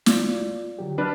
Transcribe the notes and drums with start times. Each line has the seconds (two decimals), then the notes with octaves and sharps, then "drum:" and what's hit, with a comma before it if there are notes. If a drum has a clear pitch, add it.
0.06 F4 D5, drum: snare
0.79 D3 F#3 G4
0.98 D4 B4 A5 F6